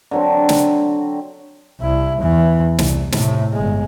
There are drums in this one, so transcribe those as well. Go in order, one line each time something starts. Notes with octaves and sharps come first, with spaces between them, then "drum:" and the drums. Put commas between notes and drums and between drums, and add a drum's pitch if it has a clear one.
D3 F#3 C4
drum: snare
C2 E4
E2 E3
C2, drum: snare
A2 C3, drum: snare
G1 G#3